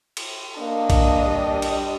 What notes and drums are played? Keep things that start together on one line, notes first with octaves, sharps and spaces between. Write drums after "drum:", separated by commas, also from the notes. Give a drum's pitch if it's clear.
drum: cymbal
A#3 D4 D#5
drum: kick A#1, cymbal
G3
drum: cymbal